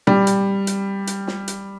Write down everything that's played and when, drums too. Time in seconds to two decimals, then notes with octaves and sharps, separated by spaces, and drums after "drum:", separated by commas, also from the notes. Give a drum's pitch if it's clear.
0.07 G3, drum: tom A#2
0.27 drum: hi-hat
0.67 drum: hi-hat
1.07 drum: hi-hat
1.27 drum: snare
1.48 drum: hi-hat